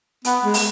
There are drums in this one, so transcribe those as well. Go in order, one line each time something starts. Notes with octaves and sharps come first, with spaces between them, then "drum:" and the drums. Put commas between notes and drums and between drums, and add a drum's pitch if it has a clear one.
B3, drum: hi-hat
G#3
drum: open hi-hat